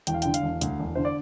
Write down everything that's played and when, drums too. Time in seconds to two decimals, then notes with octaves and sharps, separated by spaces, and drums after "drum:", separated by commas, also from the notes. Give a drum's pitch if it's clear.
0.07 E1 G5, drum: hi-hat
0.14 F5
0.22 D3 G5, drum: hi-hat
0.34 F5, drum: hi-hat
0.43 E1
0.61 D2, drum: hi-hat
0.79 E1
0.95 D3 C5
1.05 D5